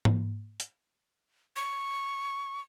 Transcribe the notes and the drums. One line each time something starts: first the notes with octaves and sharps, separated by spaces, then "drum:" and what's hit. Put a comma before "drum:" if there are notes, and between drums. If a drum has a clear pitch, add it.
drum: tom G#2
drum: hi-hat
C#6